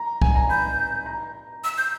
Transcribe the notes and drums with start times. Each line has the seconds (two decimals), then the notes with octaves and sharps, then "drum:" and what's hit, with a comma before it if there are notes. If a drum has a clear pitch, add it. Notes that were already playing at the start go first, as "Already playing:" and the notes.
Already playing: A#5
0.22 G#5, drum: kick C2
0.35 A#5
0.49 B5 G6
1.06 A#5
1.64 E6
1.78 G6